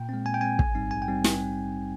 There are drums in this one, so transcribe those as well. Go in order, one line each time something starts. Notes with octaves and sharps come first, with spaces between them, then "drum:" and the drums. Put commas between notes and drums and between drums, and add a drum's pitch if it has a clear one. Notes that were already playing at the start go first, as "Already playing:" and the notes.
Already playing: A#2 G5
G#3 C4
A#2 G#5
G5
G#3 C4 G#5
A#1, drum: kick
G#2 G3 C4 D#4
A#1 G#5
G5
G3 C4 D#4
drum: snare